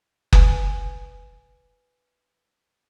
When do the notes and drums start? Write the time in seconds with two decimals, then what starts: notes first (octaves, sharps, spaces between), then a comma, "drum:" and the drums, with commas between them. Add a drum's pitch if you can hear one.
0.33 B4 G#5, drum: kick F#1